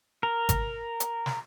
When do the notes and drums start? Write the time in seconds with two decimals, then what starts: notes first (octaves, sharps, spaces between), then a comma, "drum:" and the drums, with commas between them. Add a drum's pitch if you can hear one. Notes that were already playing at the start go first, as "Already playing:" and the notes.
0.23 A#4
0.49 drum: kick G#1, hi-hat
1.00 drum: hi-hat
1.26 drum: snare